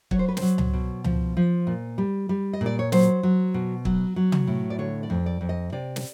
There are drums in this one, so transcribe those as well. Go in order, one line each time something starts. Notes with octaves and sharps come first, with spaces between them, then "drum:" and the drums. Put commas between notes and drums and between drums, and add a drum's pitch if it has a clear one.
F#3 C#5, drum: kick
C5
B4
C5, drum: snare
F#3
drum: tom C#2
B2
F3, drum: tom C#2
F3
A#2
G3
G3
D#5
A#2
D5
C#5
F#3 C5, drum: snare
F#3
B2
F#3, drum: kick
F#3
drum: tom
A2
D5
D3 C#5
D5
F2
D5
F2
D#5
C3 D5
drum: snare